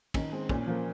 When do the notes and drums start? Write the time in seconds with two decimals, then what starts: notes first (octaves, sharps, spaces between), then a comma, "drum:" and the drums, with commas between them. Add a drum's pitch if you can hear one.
0.14 D#3 C#4, drum: kick, cymbal
0.32 G#3 C4
0.49 A#2 C#4, drum: kick
0.67 F3 A#3